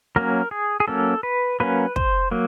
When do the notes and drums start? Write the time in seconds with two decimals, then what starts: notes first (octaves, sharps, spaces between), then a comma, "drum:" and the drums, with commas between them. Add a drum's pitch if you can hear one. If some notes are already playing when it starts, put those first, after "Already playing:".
0.16 F#3 A#3 C#4 A#4
0.51 G#4
0.80 G#4
0.88 F#3 A#3 C#4 A4
1.23 B4
1.60 F#3 A#3 C#4 B4
1.96 C5, drum: kick
2.31 F#3 A#3